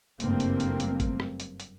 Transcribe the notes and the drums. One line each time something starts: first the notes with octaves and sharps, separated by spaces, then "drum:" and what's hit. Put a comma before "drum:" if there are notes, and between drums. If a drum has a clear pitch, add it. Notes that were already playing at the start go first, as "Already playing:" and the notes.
F#1 G2 A3 A#3 C4, drum: hi-hat
drum: hi-hat
drum: hi-hat
drum: hi-hat
drum: kick G#1, hi-hat
drum: rim click
drum: hi-hat
drum: hi-hat